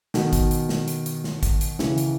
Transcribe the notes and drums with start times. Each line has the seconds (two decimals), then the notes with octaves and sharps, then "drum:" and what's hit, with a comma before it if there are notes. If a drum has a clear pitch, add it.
0.14 B2 D#3, drum: snare
0.33 drum: kick A1, hi-hat
0.51 drum: hi-hat
0.69 drum: snare
0.88 drum: hi-hat
1.06 drum: hi-hat
1.24 drum: snare
1.43 drum: kick A1, hi-hat
1.61 drum: hi-hat
1.79 C#3 E3, drum: snare
1.98 drum: hi-hat